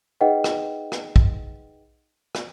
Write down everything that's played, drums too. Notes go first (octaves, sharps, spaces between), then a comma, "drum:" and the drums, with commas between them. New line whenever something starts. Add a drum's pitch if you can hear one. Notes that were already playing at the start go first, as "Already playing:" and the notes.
D#4 G#4 B4 D#5 F#5 G5
drum: rim click
drum: rim click
drum: kick
drum: rim click